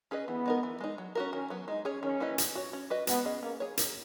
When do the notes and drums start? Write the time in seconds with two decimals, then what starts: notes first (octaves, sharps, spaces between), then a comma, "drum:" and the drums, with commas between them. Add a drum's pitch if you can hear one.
0.11 C#4 G#4 B4 D#5
0.28 E3 B3
0.46 G#3 D#4 A#4
0.63 E3
0.80 G#3 D#4
0.98 F#3
1.15 C#4 F#4 A#4
1.33 D#3 C#4
1.50 F#3 B3
1.68 G#3 D#4
1.85 C#4 G#4 C#5
2.03 D#3 C#4
2.20 A#3 E4 B4 D#5
2.38 B3, drum: hi-hat
2.55 F#4 C#5
2.73 C#4
2.90 F#4 B4 D#5
3.07 G#3 B3, drum: hi-hat
3.25 C#4 G#4 D#5
3.42 A#3 C#4
3.60 G#4 C#5
3.77 A#3, drum: hi-hat